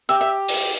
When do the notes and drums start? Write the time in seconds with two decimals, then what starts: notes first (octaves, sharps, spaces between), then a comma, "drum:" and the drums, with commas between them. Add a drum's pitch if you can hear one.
0.09 G4 E5
0.21 E5
0.49 drum: open hi-hat